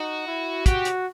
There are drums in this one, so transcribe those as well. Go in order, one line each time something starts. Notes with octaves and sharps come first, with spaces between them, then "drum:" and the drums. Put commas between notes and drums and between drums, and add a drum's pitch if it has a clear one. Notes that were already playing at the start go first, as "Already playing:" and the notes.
Already playing: D#4 F#4
E4
F#4 G4, drum: kick, hi-hat
drum: hi-hat